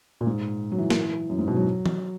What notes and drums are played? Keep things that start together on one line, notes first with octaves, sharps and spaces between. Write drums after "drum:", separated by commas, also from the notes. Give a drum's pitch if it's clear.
A#2
G#2
F#3
E3
drum: snare
F#2
G#2
B2
F#3
drum: tom